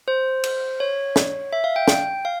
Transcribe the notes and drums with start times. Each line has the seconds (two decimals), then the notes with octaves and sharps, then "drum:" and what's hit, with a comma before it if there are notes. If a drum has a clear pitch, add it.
0.08 C5
0.43 drum: cymbal
0.80 C#5
1.16 drum: snare
1.53 E5
1.64 F5
1.76 G5
1.88 G5, drum: snare
2.25 F5